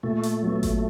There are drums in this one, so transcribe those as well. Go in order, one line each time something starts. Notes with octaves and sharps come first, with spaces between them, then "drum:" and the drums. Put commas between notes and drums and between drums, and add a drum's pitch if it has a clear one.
A#2 A3
drum: hi-hat
F#3 B3
drum: kick G#1, hi-hat